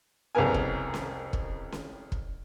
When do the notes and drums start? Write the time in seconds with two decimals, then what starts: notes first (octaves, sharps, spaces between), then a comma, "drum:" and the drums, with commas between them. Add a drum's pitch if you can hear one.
0.35 C2 F2 C#3 B3 A#4 G#5
0.54 drum: kick
0.94 drum: snare C#4
1.33 drum: kick
1.72 drum: snare C#4
2.12 drum: kick